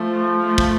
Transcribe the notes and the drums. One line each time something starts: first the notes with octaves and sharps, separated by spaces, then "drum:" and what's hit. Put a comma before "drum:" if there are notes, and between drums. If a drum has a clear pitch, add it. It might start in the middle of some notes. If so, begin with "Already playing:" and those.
Already playing: F3 A3
A3
drum: kick